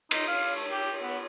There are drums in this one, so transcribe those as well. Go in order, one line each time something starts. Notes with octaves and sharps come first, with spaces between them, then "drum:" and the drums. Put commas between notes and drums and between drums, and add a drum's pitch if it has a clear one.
D#4, drum: cymbal
F5
A3
G4
B3